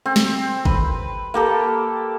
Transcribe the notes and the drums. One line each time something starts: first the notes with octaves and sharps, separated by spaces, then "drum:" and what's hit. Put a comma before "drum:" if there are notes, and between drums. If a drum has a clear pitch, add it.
C4
drum: snare
B4, drum: kick
A#3 G4 A4